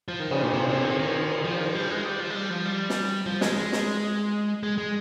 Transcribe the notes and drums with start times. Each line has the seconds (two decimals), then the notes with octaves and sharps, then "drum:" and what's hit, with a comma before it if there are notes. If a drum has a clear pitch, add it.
0.08 F3
0.20 D#3
0.31 C#3, drum: cymbal
0.42 A#2
0.54 C3
0.69 C3
0.84 D#3
0.99 D#3
1.44 F3
1.60 D#3
1.75 G3
1.90 G#3
2.05 G3
2.20 F3
2.30 G#3
2.35 G3
2.50 F3
2.65 G3
2.89 drum: snare
3.26 F3
3.41 G#3, drum: snare
3.56 G#3
3.72 drum: snare
4.63 G#3
4.78 G#3